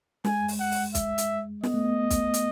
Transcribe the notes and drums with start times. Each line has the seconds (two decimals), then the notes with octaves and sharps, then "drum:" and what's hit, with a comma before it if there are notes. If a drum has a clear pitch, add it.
0.25 G#3 G#5, drum: snare
0.48 drum: open hi-hat
0.60 F#5
0.71 drum: open hi-hat
0.95 E5, drum: kick, hi-hat
1.18 drum: hi-hat
1.64 B3 D#5, drum: snare
1.74 A3
1.84 B3
2.10 drum: kick, hi-hat
2.34 drum: hi-hat